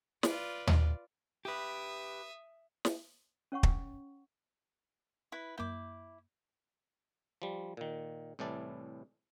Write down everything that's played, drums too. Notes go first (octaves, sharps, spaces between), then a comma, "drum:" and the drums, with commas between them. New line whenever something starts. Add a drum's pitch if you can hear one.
F4 B4 D5, drum: snare
drum: tom D#2
G4 B4 E5 D#6
drum: snare
C#4 C#5 F#5 C#6
drum: kick
E4 B4
F#2 A#3 E4 D6 G6
F3 G3
A#2 D#3
C2 A2 E3 D5 A5